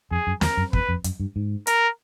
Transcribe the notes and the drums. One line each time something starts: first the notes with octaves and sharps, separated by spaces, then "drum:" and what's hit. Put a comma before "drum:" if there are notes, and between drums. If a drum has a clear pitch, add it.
F2 G#4
F#2
E2 A#4, drum: snare
F#2
E2 B4, drum: kick
F2
F#2, drum: hi-hat
G2
G#2
A#4, drum: hi-hat